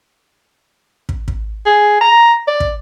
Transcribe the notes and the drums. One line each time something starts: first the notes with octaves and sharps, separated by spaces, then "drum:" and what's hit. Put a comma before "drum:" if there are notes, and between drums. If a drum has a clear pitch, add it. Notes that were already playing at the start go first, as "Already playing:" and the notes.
drum: kick
drum: kick
G#4
A#5
D5
drum: kick